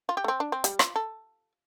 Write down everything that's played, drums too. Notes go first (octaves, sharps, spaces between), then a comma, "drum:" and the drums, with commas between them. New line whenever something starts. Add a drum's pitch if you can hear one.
F4
G4
A3
C4
D4
C4
G3, drum: hi-hat
F4, drum: rim click
A4